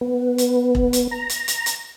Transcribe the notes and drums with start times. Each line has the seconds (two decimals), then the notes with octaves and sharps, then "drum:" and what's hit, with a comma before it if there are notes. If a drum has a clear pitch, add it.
0.01 B3
0.38 drum: hi-hat
0.75 drum: kick E1
0.93 drum: hi-hat
1.11 A#5
1.29 drum: hi-hat
1.48 drum: hi-hat
1.66 drum: hi-hat